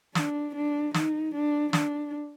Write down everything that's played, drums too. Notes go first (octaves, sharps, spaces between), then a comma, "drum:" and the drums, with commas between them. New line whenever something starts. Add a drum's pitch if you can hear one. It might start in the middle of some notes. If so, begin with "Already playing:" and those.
D4, drum: snare
D4
D#4, drum: snare
D4
D4, drum: snare